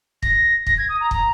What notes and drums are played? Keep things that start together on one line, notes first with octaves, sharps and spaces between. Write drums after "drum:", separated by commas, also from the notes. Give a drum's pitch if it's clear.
A#6, drum: kick
A#6, drum: kick
G#6
D#6
A#5
A#5, drum: kick